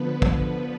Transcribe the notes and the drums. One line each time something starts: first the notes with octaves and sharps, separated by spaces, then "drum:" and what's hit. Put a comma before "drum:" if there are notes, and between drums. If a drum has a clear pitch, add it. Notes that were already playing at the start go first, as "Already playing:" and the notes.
Already playing: D3 F3 B3 B4
drum: kick